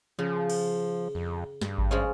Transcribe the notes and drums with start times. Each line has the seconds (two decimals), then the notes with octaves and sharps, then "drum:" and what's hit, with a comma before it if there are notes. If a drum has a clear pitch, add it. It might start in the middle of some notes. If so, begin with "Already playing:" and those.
0.19 C#3 F3
0.50 drum: cymbal
1.15 F2
1.61 G2, drum: snare
1.78 drum: kick G#1
1.91 F3 G#3 C#4